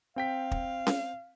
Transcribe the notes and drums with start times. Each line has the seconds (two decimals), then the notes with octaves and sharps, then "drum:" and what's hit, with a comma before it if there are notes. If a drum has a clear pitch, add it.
0.16 C4 F5 G5 B6
0.51 drum: kick
0.87 drum: snare C#4